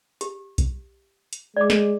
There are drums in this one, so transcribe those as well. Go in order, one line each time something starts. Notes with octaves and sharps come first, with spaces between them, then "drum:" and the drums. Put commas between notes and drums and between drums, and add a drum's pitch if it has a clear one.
G4, drum: hi-hat
drum: kick B1, hi-hat
drum: hi-hat
G#3 D5 D6
drum: snare